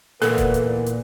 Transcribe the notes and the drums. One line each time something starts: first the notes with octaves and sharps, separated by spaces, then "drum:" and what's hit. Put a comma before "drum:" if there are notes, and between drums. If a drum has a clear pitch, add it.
A#2 D3 E3 B3 A4 A#4, drum: open hi-hat
drum: kick E1, hi-hat
drum: hi-hat
drum: hi-hat